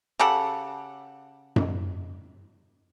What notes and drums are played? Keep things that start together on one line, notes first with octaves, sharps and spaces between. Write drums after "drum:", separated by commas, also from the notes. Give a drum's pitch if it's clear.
C#3 G4 A4 F#5
drum: tom F#2